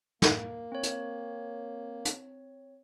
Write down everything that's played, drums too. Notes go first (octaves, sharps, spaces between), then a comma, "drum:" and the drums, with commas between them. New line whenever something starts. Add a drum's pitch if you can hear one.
A#3, drum: snare
C4 C#5
drum: hi-hat
drum: hi-hat